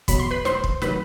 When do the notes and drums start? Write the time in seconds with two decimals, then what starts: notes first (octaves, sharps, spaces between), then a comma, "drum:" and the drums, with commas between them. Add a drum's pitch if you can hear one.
0.08 E2 B2 F#3 B5, drum: kick, hi-hat
0.19 C6
0.31 B4 B5
0.45 C5 C6, drum: snare
0.64 drum: kick
0.82 C3 D#3 F#3 B4 B5, drum: snare